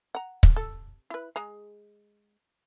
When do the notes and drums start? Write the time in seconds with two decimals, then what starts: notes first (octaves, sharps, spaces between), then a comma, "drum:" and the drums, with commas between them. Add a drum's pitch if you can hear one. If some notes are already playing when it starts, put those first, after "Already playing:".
0.15 F#5 A#5
0.43 drum: kick
0.56 A4
1.10 E4 B4
1.36 G#3 G#4 A#5